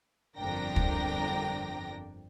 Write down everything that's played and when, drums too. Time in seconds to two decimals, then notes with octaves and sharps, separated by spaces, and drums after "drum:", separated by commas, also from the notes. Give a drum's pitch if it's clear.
0.38 G1 F2 D4 A#4 G5 A#6
0.76 drum: kick